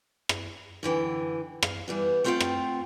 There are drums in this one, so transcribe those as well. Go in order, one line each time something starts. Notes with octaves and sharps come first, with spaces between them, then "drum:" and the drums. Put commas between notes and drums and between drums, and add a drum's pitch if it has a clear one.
drum: rim click
F#2 D3 E3 G5
F5, drum: rim click
E3 G3 B3
A3 C4 F4 E5 F#5 G5
drum: rim click